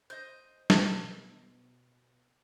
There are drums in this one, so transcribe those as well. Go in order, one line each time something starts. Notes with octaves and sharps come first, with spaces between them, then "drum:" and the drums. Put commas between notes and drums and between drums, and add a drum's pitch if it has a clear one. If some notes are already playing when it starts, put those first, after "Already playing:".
C5 D#5 G6
drum: snare
B2